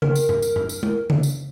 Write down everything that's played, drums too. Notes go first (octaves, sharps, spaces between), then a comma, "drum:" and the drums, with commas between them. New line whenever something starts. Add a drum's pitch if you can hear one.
A#4, drum: tom C#3
drum: tambourine
drum: tom G2
drum: tambourine
drum: tom G2
drum: tambourine
drum: tom
drum: tom C#3
drum: tambourine